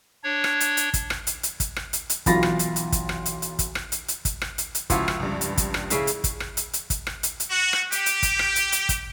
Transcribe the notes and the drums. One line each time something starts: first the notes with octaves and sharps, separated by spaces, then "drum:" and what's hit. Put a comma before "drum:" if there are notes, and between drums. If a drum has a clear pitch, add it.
D4 C#5
drum: rim click
drum: hi-hat
drum: hi-hat
drum: kick, hi-hat
drum: rim click
drum: hi-hat
drum: hi-hat
drum: kick, hi-hat
drum: rim click
drum: hi-hat
drum: hi-hat
B1 E3 F4 B5 A6 A#6, drum: kick, hi-hat
drum: rim click
drum: hi-hat
drum: hi-hat
drum: kick, hi-hat
drum: rim click
drum: hi-hat
drum: hi-hat
drum: kick, hi-hat
drum: rim click
drum: hi-hat
drum: hi-hat
drum: kick, hi-hat
drum: rim click
drum: hi-hat
drum: hi-hat
C#2 F3 E4 F#4 C#5 F5, drum: kick, hi-hat
drum: rim click
C#2 G2
drum: hi-hat
drum: kick, hi-hat
drum: rim click
C#3 E4 F5, drum: hi-hat
drum: hi-hat
drum: kick, hi-hat
drum: rim click
drum: hi-hat
drum: hi-hat
drum: kick, hi-hat
drum: rim click
drum: hi-hat
drum: hi-hat
F#4
drum: rim click
G4, drum: hi-hat
drum: hi-hat
drum: kick, hi-hat
drum: rim click
drum: hi-hat
drum: hi-hat
drum: kick, hi-hat